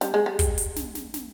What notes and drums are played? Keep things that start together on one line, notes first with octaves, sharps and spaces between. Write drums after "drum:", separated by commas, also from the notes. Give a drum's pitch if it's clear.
G3, drum: snare
G#3
G3
drum: kick, hi-hat
drum: hi-hat
drum: snare
drum: snare
drum: snare